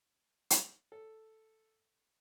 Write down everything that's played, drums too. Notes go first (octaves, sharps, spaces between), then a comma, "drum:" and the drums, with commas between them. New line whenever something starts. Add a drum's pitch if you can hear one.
drum: hi-hat
A4